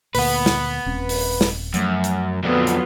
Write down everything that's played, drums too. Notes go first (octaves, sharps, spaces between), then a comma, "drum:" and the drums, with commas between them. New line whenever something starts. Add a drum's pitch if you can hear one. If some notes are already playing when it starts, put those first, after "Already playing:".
D2 A#2 B4 F#5, drum: open hi-hat
drum: snare
D#1 C4 C#4
drum: open hi-hat
drum: snare
F#2 F3 A3, drum: hi-hat
drum: hi-hat
F2 D3 F#3 B3 F4
drum: hi-hat